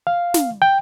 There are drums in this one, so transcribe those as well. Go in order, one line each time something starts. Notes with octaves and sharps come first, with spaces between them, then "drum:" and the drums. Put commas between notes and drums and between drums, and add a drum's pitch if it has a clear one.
F5
drum: snare
G5